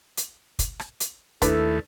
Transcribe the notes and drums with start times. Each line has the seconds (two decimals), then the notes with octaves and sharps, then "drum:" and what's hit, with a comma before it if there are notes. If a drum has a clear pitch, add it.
0.17 drum: hi-hat
0.59 drum: kick, hi-hat
0.79 drum: rim click
1.00 drum: hi-hat
1.42 D#2 A3 D4 E4 A4 B4 D5, drum: kick, hi-hat